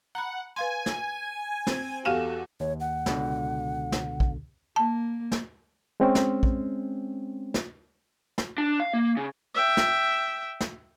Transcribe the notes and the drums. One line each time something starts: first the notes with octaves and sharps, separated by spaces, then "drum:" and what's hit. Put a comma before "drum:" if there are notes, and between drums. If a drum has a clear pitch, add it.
F#5 A#5 B5
B4 F5 G#5 C6
drum: snare
C4, drum: snare
E2 F#4 G4 A4 F5 G#5 E7
D#2 C#5
F#5
C#2 B2 D3, drum: snare
drum: snare
drum: kick
A#3 A5
drum: snare
G#3 C4 C#4
drum: snare
drum: kick
drum: snare
drum: snare
D4
F5
A#3
C#3
E5 G5
drum: snare
drum: snare